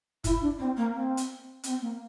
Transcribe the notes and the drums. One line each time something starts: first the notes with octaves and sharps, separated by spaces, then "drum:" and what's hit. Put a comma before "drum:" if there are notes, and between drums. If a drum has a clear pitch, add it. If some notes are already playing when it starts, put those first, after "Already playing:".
E4, drum: kick, hi-hat
D4
C4
A#3
C4
drum: hi-hat
C4, drum: hi-hat
A#3